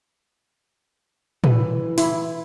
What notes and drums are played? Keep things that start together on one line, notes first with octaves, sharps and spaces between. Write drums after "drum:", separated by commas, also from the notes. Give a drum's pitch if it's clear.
E3 B4, drum: tom
E4, drum: open hi-hat